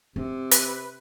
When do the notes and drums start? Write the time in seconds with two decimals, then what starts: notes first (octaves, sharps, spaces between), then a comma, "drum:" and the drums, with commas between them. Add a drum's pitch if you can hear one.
0.16 C3 C4
0.52 B4, drum: hi-hat